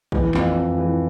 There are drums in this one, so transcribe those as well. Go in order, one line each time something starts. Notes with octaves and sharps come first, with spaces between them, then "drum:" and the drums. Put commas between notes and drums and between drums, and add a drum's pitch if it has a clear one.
E3, drum: kick A1
F2, drum: clap
F2
E3